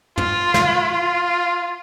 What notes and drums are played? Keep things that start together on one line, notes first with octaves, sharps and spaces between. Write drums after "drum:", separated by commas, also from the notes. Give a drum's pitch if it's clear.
F4, drum: tom
drum: snare
F4